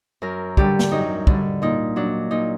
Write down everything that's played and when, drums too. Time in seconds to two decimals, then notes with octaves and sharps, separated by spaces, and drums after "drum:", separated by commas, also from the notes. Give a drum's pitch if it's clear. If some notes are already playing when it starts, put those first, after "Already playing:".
0.22 F#2 A#4
0.57 D3 G3 G4, drum: kick
0.79 drum: snare
0.92 F#2 D#4
1.27 D3 G3, drum: kick
1.62 A#2 D#4
1.96 F#3 D4
2.31 A#2 D#4